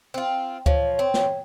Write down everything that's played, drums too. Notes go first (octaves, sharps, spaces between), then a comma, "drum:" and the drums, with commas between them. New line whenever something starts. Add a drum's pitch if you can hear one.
C4 F4
F3 C#5, drum: kick D2
C4
drum: snare